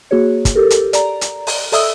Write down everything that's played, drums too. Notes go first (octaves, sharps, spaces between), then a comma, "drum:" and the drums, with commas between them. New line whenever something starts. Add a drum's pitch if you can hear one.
A#3 F#4 G#4 C#5
drum: kick, hi-hat
G4 A4 A#4
drum: hi-hat
D5 A#5, drum: hi-hat
drum: hi-hat
drum: open hi-hat
A4 D5 E5 D#6 E6, drum: open hi-hat